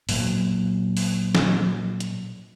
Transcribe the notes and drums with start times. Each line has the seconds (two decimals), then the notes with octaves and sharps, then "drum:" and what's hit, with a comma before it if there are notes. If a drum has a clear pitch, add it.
0.09 A#2 F#3, drum: open hi-hat
0.97 drum: open hi-hat
1.35 drum: snare
2.00 drum: hi-hat